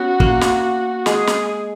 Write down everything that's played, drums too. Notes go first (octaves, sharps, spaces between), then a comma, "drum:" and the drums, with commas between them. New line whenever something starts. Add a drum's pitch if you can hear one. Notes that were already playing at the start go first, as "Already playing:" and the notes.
Already playing: B3 C#4 F#4
A#3, drum: kick
drum: snare
G#3 G#4, drum: snare
drum: snare